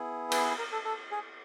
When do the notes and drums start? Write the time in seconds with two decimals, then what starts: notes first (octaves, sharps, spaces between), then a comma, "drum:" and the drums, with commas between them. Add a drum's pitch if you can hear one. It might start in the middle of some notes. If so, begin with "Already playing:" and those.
Already playing: B3 E4 G#4
0.32 B4, drum: cymbal
0.45 B4
0.58 A#4
0.72 A4
0.85 A4
1.11 G#4